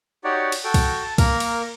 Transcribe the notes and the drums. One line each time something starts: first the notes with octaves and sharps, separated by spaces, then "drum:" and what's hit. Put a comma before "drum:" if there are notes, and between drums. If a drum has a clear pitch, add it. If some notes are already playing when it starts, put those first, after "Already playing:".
D#4 F#4 G4 C#5 D5 F#5
drum: cymbal
F#4 A4 G5
drum: kick, cymbal
A5
A#3 A#4 F6, drum: kick, cymbal
drum: cymbal